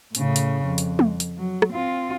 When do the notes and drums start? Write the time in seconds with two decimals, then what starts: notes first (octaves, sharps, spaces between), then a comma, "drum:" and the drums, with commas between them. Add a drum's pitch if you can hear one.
0.15 A2 C#3, drum: hi-hat
0.36 drum: hi-hat
0.64 F2
0.78 drum: hi-hat
0.99 drum: tom
1.20 drum: hi-hat
1.37 F#3
1.62 drum: rim click
1.73 C4 F4